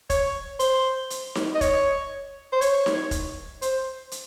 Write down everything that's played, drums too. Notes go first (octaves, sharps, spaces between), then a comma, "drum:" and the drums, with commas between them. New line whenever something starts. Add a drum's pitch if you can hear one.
C#5, drum: kick F1, hi-hat
C5, drum: hi-hat
drum: hi-hat
drum: snare D#4
D#5
C#5, drum: kick F1, hi-hat
C5
C#5, drum: hi-hat
drum: snare D#4
drum: kick F1, hi-hat
C5, drum: hi-hat
drum: hi-hat